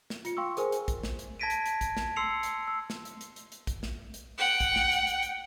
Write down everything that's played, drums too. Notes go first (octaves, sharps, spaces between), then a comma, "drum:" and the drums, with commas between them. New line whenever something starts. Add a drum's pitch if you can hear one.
drum: snare
F4 C#7, drum: hi-hat
F5 G5 C6 C#6 E6
G#4 A#4 C5 G#5, drum: hi-hat
drum: hi-hat
drum: kick A#1, hi-hat
drum: snare
drum: hi-hat
A5 G#6 A#6 B6 D7 D#7
drum: hi-hat
drum: hi-hat
drum: kick A#1, hi-hat
drum: snare
C6 E6 C7 C#7 F7
drum: hi-hat
E6
drum: snare
drum: hi-hat
drum: hi-hat
drum: hi-hat
drum: hi-hat
drum: kick A#1, hi-hat
drum: snare
drum: hi-hat
F#5 G5
drum: kick A#1, hi-hat
drum: snare
drum: hi-hat
drum: hi-hat
drum: hi-hat